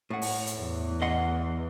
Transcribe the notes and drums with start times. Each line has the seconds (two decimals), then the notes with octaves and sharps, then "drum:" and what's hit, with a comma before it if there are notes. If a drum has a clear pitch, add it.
0.10 A2 F#5
0.22 drum: open hi-hat
0.47 drum: hi-hat
0.56 E2 E3
1.02 D#5 F#5 C6